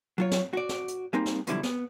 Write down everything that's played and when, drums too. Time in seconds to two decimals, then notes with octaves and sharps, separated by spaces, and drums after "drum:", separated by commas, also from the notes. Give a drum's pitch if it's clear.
0.18 F#3 F4 C#5
0.31 drum: snare
0.53 F#4 D5
0.69 drum: snare
0.88 drum: hi-hat
1.13 G3 G#3 A#3 C4 D#4
1.26 drum: snare
1.47 F#2 B2 D3 F3 G3 E4, drum: hi-hat
1.63 B3, drum: snare